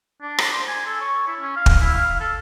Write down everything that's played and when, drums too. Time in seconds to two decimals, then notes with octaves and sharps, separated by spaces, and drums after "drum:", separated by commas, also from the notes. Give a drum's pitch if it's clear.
0.21 D4
0.38 drum: rim click
0.53 C5
0.68 G#5
0.86 A4
1.00 C#5
1.27 E4
1.40 C#4
1.56 F5
1.66 drum: kick
1.80 E4
1.94 F5
2.20 A4